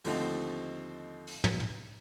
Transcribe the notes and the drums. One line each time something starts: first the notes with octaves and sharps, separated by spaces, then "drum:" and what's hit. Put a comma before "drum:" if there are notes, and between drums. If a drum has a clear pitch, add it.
D#2 D3 F3 A3 C4 D#4, drum: open hi-hat
drum: open hi-hat
drum: tom
drum: tom